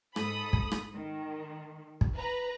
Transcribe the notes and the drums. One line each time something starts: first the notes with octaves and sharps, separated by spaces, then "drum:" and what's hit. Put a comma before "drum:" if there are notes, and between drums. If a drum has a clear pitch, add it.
G#2 A4 B5 D#6, drum: rim click
drum: kick
drum: rim click
D#3
drum: kick
B4 A#5